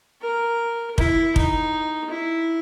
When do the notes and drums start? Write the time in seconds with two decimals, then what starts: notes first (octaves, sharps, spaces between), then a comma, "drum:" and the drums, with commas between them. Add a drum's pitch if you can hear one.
0.22 A#4
0.98 E4, drum: kick
1.36 D#4, drum: kick
2.10 E4